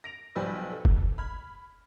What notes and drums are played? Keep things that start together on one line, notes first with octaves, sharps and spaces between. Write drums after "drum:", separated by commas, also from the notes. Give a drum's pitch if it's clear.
A#6 D7 F7
B1 F3 G3 B4 G#5 E6
A4
drum: kick F1
B5 F6 G#6